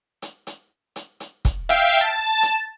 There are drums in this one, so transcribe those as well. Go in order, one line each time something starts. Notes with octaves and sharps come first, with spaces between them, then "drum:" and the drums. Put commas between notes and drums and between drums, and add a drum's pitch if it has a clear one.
drum: hi-hat
drum: hi-hat
drum: hi-hat
drum: hi-hat
drum: kick, hi-hat
E5 F5 G5 C7 D7, drum: hi-hat
A5
drum: hi-hat